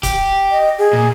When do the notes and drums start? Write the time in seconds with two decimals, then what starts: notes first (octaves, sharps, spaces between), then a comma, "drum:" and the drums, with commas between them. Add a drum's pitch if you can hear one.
0.03 G4, drum: kick C#1, hi-hat
0.51 D#5
0.79 G#4
0.93 A#2